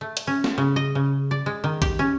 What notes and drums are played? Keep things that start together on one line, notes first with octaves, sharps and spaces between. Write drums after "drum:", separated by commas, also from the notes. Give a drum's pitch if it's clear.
A3
drum: hi-hat
C#4
drum: snare
C#3
D#5
C#3
D5
G#3
D#3
G4, drum: kick, hi-hat
C#4